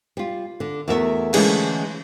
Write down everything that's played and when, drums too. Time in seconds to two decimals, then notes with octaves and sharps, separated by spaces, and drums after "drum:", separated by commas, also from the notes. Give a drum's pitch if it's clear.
0.17 G3 F4
0.60 D3
0.88 E2 A3 F#4 A#4 E5
1.34 D3 E3 G#3 A3 C#4 G#4, drum: cymbal